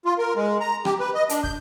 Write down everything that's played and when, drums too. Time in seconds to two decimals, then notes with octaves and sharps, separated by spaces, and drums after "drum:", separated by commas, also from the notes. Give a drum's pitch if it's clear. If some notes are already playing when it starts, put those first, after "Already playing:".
0.05 F4
0.18 A#4
0.36 G#3
0.60 A#5
0.85 G4, drum: rim click
0.99 B4
1.14 D#5
1.29 D4, drum: hi-hat
1.43 G6, drum: kick